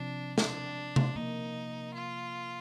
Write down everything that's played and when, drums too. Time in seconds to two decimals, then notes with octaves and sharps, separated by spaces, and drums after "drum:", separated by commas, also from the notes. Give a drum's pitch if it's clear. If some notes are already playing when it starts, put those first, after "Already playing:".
Already playing: C3 F3 C4 D4
0.38 D4, drum: snare
0.96 drum: tom C3
1.16 C3 F3 A#3 D#4
1.93 F4